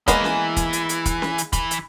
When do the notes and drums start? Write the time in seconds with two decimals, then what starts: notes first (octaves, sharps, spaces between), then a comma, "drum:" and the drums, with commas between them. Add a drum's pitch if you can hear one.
0.08 E3 G#3 A#3 B3, drum: kick, hi-hat
0.24 drum: snare C#4
0.57 drum: kick, hi-hat
0.73 drum: hi-hat
0.89 drum: hi-hat
1.06 drum: kick, hi-hat
1.22 drum: snare C#4
1.38 drum: hi-hat
1.53 E3, drum: kick, hi-hat
1.71 drum: hi-hat